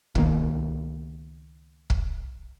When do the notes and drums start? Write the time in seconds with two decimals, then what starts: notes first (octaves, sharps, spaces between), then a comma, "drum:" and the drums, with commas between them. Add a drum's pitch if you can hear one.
0.15 C#2 B2 D#3 A#3, drum: kick
1.90 drum: kick